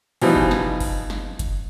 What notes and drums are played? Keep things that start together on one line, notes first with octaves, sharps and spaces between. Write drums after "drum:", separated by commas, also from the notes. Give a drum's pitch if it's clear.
B2 E3 F3 G3 D#4, drum: open hi-hat
drum: kick F#1
drum: snare
drum: kick F#1, open hi-hat
drum: snare
drum: kick F#1, hi-hat